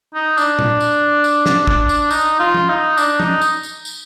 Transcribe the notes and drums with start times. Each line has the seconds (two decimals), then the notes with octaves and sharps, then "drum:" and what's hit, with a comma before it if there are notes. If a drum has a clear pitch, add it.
0.15 D#4
0.38 D4, drum: tambourine
0.59 drum: tom A#2
0.80 drum: tambourine
1.24 drum: tambourine
1.46 drum: snare
1.67 drum: kick
1.89 drum: tambourine
2.11 D#4, drum: tambourine
2.40 F4
2.54 drum: tom
2.69 D#4
2.97 D4, drum: tambourine
3.20 D#4, drum: tom
3.41 drum: tambourine
3.63 drum: tambourine
3.85 drum: tambourine